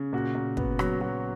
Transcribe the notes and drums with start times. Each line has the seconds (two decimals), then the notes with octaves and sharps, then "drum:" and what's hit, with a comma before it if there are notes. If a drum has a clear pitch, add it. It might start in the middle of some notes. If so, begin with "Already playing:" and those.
Already playing: C#3
0.13 A#2 F#4
0.35 A#2
0.57 B3, drum: kick
0.79 F#3, drum: rim click
1.01 F#3